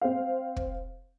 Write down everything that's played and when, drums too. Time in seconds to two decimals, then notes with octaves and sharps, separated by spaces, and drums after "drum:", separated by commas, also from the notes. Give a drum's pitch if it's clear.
0.01 C4 C5 F5
0.56 drum: kick